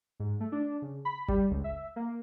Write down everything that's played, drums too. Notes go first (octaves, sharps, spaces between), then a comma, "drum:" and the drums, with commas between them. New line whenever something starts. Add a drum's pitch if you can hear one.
G#2
A3
D4
C#3
B5
G3, drum: kick G1
C#2
E5
A#3